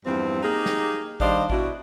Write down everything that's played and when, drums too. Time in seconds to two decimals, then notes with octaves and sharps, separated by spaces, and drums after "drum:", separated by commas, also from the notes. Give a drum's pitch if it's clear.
0.05 E2 G2 F3 C4
0.43 A#3 D#4 G4 G#4
0.66 drum: snare
1.20 D#3 G3 D4 C5 D#5 F5, drum: kick A1
1.50 B2 D4 E4 F#4, drum: kick A1